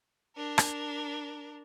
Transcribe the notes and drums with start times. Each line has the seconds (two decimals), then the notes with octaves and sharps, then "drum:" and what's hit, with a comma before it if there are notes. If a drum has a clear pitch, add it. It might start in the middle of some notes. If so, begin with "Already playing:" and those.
0.37 D4 A#4
0.58 drum: rim click